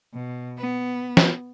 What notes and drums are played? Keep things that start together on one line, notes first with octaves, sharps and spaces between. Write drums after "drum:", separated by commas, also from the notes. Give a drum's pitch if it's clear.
B2
B3
drum: snare